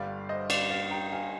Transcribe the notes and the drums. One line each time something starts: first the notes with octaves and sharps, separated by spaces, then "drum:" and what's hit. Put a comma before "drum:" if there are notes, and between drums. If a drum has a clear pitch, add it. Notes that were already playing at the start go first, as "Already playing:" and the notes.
Already playing: G1 G2 D3 G3 D5 F5
C5 D#5
D5 F5, drum: cymbal
D5 F5
G5 A#5
F5 G#5